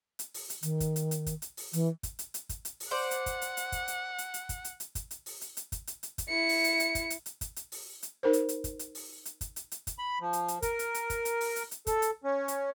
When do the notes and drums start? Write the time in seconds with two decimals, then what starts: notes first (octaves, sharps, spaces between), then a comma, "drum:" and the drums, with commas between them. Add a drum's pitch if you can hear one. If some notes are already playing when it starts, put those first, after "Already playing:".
0.19 drum: hi-hat
0.34 drum: open hi-hat
0.50 drum: hi-hat
0.63 D#3, drum: hi-hat
0.80 drum: kick, hi-hat
0.96 drum: hi-hat
1.11 drum: hi-hat
1.26 drum: kick, hi-hat
1.42 drum: hi-hat
1.57 drum: open hi-hat
1.73 E3, drum: hi-hat
2.03 drum: kick, hi-hat
2.19 drum: hi-hat
2.34 drum: hi-hat
2.49 drum: kick, hi-hat
2.65 drum: hi-hat
2.80 drum: open hi-hat
2.91 C5 D5 F#5
3.11 drum: hi-hat
3.26 drum: kick, hi-hat
3.42 drum: hi-hat
3.57 drum: hi-hat
3.72 drum: kick, hi-hat
3.88 drum: hi-hat
4.18 drum: hi-hat
4.34 drum: hi-hat
4.49 drum: kick, hi-hat
4.64 drum: hi-hat
4.80 drum: hi-hat
4.95 drum: kick, hi-hat
5.11 drum: hi-hat
5.26 drum: open hi-hat
5.41 drum: hi-hat
5.57 drum: hi-hat
5.72 drum: kick, hi-hat
5.87 drum: hi-hat
6.03 drum: hi-hat
6.18 drum: kick, hi-hat
6.29 E4 C#7
6.49 drum: open hi-hat
6.64 drum: hi-hat
6.80 drum: hi-hat
6.95 drum: kick, hi-hat
7.10 drum: hi-hat
7.26 drum: hi-hat
7.41 drum: kick, hi-hat
7.56 drum: hi-hat
7.72 drum: open hi-hat
8.03 drum: hi-hat
8.23 D#4 A#4 C5
8.33 drum: hi-hat
8.49 drum: hi-hat
8.64 drum: kick, hi-hat
8.79 drum: hi-hat
8.95 drum: open hi-hat
9.25 drum: hi-hat
9.41 drum: kick, hi-hat
9.56 drum: hi-hat
9.72 drum: hi-hat
9.87 drum: kick, hi-hat
9.99 B5
10.21 F3
10.33 drum: hi-hat
10.48 drum: hi-hat
10.62 A#4, drum: kick, hi-hat
10.79 drum: hi-hat
10.94 drum: hi-hat
11.10 drum: kick, hi-hat
11.25 drum: hi-hat
11.41 drum: open hi-hat
11.56 drum: hi-hat
11.71 drum: hi-hat
11.87 A4, drum: kick, hi-hat
12.02 drum: hi-hat
12.24 C#4
12.48 drum: hi-hat